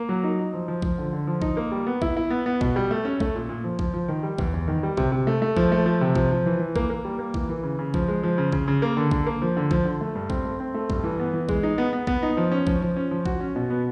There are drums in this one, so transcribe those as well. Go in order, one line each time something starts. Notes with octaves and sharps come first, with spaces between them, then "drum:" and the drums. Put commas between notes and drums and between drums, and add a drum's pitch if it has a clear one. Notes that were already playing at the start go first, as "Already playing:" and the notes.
Already playing: A#3
F#3
D#4
D#4
F3
F3
F3, drum: kick A#1
D3
D3
F3
D#4, drum: kick A#1
A#3
G3
B3
E4, drum: kick A#1
E4
B3
B3
B2, drum: kick A#1
G3
A3
C#4
A3, drum: kick A#1
A#2
A#2
F3
F3, drum: kick A#1
F3
D#3
G3
E2, drum: kick A#1
E2
D#3
G3
C3, drum: kick A#1
C3
A3
A3
F3, drum: kick A#1
A3
F3
C3
F3, drum: kick A#1
F3
E3
E3
A#3, drum: kick A#1
A#3
G3
A#3
E3, drum: kick A#1
E3
C#3
C#3
F3, drum: kick A#1
G#3
F3
C#3
C#3, drum: kick A#1
C#3
A#3
D3
D3, drum: kick A#1
A#3
F3
D3
F3, drum: kick A#1
D3
A3
G2
C4, drum: kick A#1
A3
C4
A3
G2, drum: kick A#1
E3
B3
E3
G#3, drum: kick A#1
D#4
B3
B3
B3, drum: kick A#1
D#4
F3
C#4
F3, drum: kick A#1
F3
C#4
F3
F#4, drum: kick A#1
C#4
B2
B3